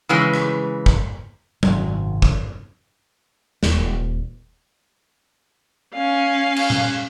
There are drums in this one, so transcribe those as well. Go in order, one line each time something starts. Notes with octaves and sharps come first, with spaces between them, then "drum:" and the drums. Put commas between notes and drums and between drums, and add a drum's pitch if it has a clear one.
C#3 E3 G#3
drum: rim click
drum: kick
G#1 F#2 C3, drum: tom F#3
drum: kick
D#1, drum: snare
C#4 F5
drum: cymbal
drum: tom A#2